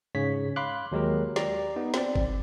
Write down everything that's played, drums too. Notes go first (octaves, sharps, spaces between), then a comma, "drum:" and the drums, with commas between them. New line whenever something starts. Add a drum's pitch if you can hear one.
G#2 C#3 C#5 B6
F5 B5 C6 D6 F#6
D#2 F#3 G#3 G4 A#4
G4 D5 A#5, drum: snare
B3 D#4
C4 D5, drum: snare
drum: kick G1